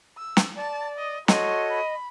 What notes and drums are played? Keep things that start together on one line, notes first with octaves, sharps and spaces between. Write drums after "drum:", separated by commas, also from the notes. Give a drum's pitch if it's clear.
E6
drum: snare
D5 A5
D#5
F#4 A4 C#5 D#5 C6, drum: snare
B5